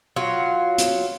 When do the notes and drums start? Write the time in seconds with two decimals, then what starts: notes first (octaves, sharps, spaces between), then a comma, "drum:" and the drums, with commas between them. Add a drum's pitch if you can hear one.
0.16 F#3 F4
0.78 drum: hi-hat